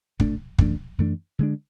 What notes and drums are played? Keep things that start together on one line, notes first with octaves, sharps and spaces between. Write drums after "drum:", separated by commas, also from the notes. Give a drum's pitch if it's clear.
B2 A3 D4, drum: kick
F#2 E3 A3 D4, drum: kick
F#2 E3 A3 D4
D3 G#3 D4